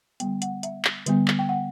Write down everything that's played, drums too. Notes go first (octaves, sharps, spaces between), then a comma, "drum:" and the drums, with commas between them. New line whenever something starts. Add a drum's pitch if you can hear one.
D3 G3 B3 G5, drum: hi-hat
F#5, drum: hi-hat
E5, drum: hi-hat
drum: clap
D3 G3 B3, drum: hi-hat
drum: clap
G5
F#5